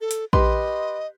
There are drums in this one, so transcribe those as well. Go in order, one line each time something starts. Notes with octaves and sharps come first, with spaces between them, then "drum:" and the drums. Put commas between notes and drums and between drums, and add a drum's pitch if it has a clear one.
A4
drum: hi-hat
G4 B4 D#5 C6, drum: kick A#1